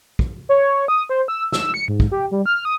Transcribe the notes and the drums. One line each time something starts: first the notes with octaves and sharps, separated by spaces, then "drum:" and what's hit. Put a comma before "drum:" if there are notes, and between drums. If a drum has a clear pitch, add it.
drum: kick
C#5
D#6
C5
E6
E6, drum: snare
C#7
G#2
drum: kick
G4
G3
F6
D#6